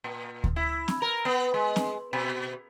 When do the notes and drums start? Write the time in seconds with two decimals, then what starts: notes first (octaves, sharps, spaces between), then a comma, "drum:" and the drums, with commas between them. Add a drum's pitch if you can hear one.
0.04 A#2
0.44 drum: kick D2
0.56 E4
0.88 drum: snare C4
1.02 A#4
1.25 B3
1.54 G#3
1.76 drum: snare C4
2.13 B2